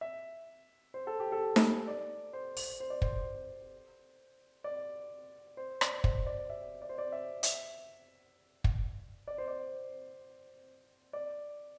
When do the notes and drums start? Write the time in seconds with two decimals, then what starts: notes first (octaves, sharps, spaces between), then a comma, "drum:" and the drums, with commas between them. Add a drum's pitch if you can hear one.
0.01 E5
0.94 C5
1.07 A4
1.20 G4
1.32 A4
1.56 drum: snare D#4
1.88 D5
2.33 C5
2.57 drum: open hi-hat
2.80 C5
2.90 D5
3.02 C5, drum: kick
4.64 D5
5.57 C5
5.81 D5, drum: rim click
6.04 C5, drum: kick
6.26 D5
6.50 E5
6.82 D5
6.89 C5
6.98 D5
7.12 E5
7.43 E5, drum: hi-hat
8.64 drum: kick
9.28 D5
9.38 C5
9.48 D5
11.13 D5